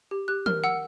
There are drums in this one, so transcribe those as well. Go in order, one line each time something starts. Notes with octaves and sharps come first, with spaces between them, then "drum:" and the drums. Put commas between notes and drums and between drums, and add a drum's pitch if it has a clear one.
G4
G4 F#6
A#4 F6, drum: tom
F#5 E6